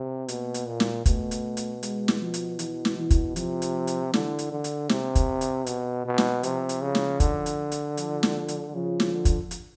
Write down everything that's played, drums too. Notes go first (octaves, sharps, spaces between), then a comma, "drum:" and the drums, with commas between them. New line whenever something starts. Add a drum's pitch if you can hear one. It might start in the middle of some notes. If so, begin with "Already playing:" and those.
Already playing: C3
B2 A#3, drum: hi-hat
drum: hi-hat
A#2
drum: snare
B2 A3, drum: kick, hi-hat
drum: hi-hat
drum: hi-hat
G#3, drum: hi-hat
drum: snare
F3
drum: hi-hat
E3, drum: hi-hat
drum: snare
E3
drum: kick, hi-hat
C3 F3, drum: hi-hat
drum: hi-hat
drum: hi-hat
D3 E3, drum: snare
drum: hi-hat
D3
drum: hi-hat
C3, drum: snare
drum: kick, hi-hat
drum: hi-hat
B2, drum: hi-hat
B2
drum: snare
C3 F3, drum: hi-hat
drum: hi-hat
C#3
drum: snare
D3, drum: kick, hi-hat
drum: hi-hat
drum: hi-hat
F3, drum: hi-hat
drum: snare
drum: hi-hat
C#3 F3
drum: snare
D3
drum: kick, hi-hat
drum: hi-hat